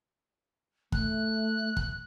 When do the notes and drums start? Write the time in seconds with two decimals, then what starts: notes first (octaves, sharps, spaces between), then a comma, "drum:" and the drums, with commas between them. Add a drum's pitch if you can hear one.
0.92 A3 F#6, drum: kick
1.77 drum: kick